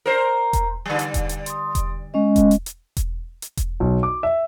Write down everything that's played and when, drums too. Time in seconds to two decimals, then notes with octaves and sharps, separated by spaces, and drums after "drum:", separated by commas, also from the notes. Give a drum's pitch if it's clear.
0.06 A#4 C5
0.53 drum: kick E1, hi-hat
0.86 D3 G3
0.99 drum: hi-hat
1.14 drum: kick E1, hi-hat
1.29 drum: hi-hat
1.46 C6 D#6, drum: hi-hat
1.75 drum: kick E1, hi-hat
2.14 G#3 C#4 D#5
2.36 drum: kick E1, hi-hat
2.51 drum: hi-hat
2.66 drum: hi-hat
2.97 drum: kick E1, hi-hat
3.42 drum: hi-hat
3.57 drum: kick E1, hi-hat
3.80 B1
4.03 D6
4.23 E5